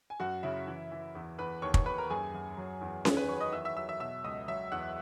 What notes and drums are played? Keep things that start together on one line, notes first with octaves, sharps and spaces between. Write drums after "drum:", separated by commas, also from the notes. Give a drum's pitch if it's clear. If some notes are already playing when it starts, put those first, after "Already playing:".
G#5
F#2 F#4 F#5
C#3 E4 E5
E3
E3
E2
E2 B4 B5
D#2 C#5 C#6
C#5 C#6, drum: kick
D#2 B4 B5
A#4 A#5
F#2 G#4 G#5
F#2
F#3
E2
D#3 G#4 G#5, drum: snare C#4
B4 B5
F#3 C#5 C#6
D#5 D#6
E2 E5 E6
E5 E6
F#3 E5 E6
E5 E6
B2 E5 E6
C#2 D#5 D#6
F#3 E5 E6
E2 F#5 F#6